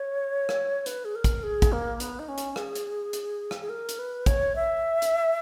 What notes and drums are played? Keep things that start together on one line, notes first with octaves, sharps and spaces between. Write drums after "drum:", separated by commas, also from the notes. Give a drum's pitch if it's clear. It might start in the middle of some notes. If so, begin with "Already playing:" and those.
Already playing: C#5
drum: rim click
B4, drum: hi-hat
G#4
A#4
drum: kick, hi-hat
G#4
drum: kick, hi-hat
A#3
B3, drum: hi-hat
D#4
C#4
drum: hi-hat
G#4, drum: rim click
drum: hi-hat
drum: hi-hat
drum: rim click
G#4
A#4
drum: hi-hat
B4
C#5, drum: kick, hi-hat
E5
drum: hi-hat